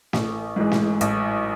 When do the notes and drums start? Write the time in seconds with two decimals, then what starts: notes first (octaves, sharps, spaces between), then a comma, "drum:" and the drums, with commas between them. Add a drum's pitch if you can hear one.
0.13 A1, drum: snare
0.56 G#2 E3 G#3
0.72 drum: snare
1.01 A1, drum: hi-hat